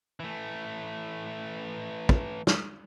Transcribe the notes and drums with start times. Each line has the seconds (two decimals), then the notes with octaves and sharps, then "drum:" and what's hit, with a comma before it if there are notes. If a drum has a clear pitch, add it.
0.20 E3 A3
2.09 drum: kick
2.47 drum: snare